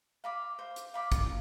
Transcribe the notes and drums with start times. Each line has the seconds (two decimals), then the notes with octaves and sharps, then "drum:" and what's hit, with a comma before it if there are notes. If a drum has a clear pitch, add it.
0.24 F5 B5 D6
0.59 C5
0.76 drum: hi-hat
0.94 F5 B5 D6
1.12 drum: kick, hi-hat